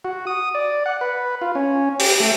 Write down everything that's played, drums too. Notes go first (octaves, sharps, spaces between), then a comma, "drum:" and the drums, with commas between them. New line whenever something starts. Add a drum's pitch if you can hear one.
F#4
D#6
D5
F#5
B4
F4
C#4
G4, drum: open hi-hat
A3